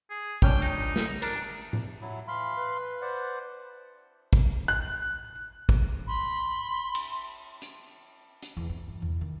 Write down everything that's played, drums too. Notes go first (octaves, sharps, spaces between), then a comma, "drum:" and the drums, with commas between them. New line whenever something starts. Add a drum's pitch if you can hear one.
G#4
C#2 C#4 D4 G5, drum: kick
D#4, drum: hi-hat
drum: snare
D4 A#4, drum: cymbal
drum: tom A2
F#3 E4
E3 F5 B5 C6
B4
C5 D5 F#5
drum: kick
F#6
drum: kick
B5 C6
drum: cymbal
drum: hi-hat
drum: hi-hat
E2
B3
G2
E2
D#3